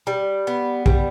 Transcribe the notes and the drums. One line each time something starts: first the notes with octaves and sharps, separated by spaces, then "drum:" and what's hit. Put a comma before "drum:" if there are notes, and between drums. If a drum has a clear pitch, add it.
G3
B3
G3, drum: kick